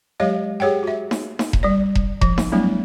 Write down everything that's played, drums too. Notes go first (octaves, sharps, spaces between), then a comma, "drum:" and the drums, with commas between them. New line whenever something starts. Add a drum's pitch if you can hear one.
F#3 G#3 G4 C#5 D#5 F5
G4 G#4 C#5 F#5 G5
F#4 E5
drum: snare D#4
drum: snare D#4
drum: kick E1
G3 D5
drum: kick E1
F3, drum: kick E1
drum: snare D#4
F#3 G3 A3 B3 D4 E4